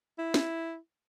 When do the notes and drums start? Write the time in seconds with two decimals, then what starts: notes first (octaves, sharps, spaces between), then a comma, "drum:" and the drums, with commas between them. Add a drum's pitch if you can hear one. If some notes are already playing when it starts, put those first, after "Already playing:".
0.18 E4
0.34 drum: snare